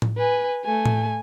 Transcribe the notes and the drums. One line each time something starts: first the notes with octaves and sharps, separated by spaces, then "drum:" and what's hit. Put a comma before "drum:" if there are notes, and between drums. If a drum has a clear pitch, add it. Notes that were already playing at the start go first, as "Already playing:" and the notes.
drum: tom A2
B4 G#5
A3 G#5
drum: tom A2